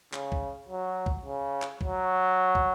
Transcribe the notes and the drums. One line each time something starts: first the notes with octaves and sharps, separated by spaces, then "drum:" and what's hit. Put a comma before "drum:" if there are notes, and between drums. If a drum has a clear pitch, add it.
C#3, drum: clap
drum: kick
F#3
drum: kick
C#3
drum: clap
F#3, drum: kick
drum: kick